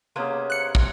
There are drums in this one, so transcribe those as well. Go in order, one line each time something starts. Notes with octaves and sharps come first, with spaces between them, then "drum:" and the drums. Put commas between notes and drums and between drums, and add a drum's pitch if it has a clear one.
C3 A#3 B3 C#4 G#4 C5
F#6 C#7
drum: kick